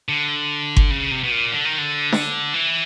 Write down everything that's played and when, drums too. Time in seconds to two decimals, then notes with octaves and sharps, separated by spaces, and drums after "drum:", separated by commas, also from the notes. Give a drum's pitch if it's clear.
0.09 D3
0.77 drum: kick G1
0.91 C#3
1.11 C3
1.24 B2
1.31 A#2
1.52 D3
1.65 D#3
1.78 D3
2.12 drum: snare D4
2.54 E3